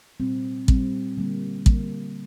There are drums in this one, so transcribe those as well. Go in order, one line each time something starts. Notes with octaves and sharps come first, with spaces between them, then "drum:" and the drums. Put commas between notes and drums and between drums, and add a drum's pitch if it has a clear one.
A#2 G3 C4
A#2 G3 C4, drum: kick
D3 G3 A#3
D3 G3 A#3, drum: kick